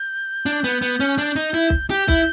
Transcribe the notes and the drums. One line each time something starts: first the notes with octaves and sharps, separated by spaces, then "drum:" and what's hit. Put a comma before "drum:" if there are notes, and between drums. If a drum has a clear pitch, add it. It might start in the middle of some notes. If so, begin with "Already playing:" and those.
Already playing: G6
D4
B3
B3
C#4
D4
D#4
E4
drum: kick
G4 G6
E4, drum: kick